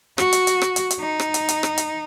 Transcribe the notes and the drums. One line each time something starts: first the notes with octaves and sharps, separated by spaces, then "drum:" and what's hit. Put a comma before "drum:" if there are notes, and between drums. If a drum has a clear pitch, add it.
F#4, drum: rim click
drum: hi-hat
drum: hi-hat
drum: rim click
drum: hi-hat
drum: hi-hat
D#4
drum: rim click
drum: hi-hat
drum: hi-hat
drum: rim click
drum: hi-hat